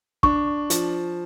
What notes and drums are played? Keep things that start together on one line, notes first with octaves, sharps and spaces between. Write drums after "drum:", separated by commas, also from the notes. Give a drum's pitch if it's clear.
D4 C#6, drum: kick
F3, drum: hi-hat